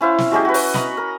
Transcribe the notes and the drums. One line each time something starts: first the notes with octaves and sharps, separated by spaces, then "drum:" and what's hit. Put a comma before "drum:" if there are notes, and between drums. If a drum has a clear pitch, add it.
C#4 E4 C5 F5
drum: snare
F#3 G#3 C#4 G4
F#4 B4
drum: open hi-hat
D#5 A#5 B5, drum: snare
A#4